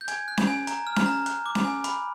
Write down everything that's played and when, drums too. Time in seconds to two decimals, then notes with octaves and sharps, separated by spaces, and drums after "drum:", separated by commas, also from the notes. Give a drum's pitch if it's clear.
0.01 G6
0.08 G#5 G#6, drum: hi-hat
0.28 F#6
0.37 drum: snare C#4
0.47 G#5
0.67 A#5, drum: hi-hat
0.87 F6
0.96 drum: snare C#4
1.06 A#5
1.26 F#6, drum: hi-hat
1.46 D6
1.55 drum: snare C#4
1.65 G#5
1.84 B5, drum: hi-hat